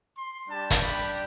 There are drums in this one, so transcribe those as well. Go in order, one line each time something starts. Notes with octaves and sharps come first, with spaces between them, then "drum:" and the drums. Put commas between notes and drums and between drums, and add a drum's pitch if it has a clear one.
C6
G3 D4 G4 A5
drum: kick, hi-hat
B5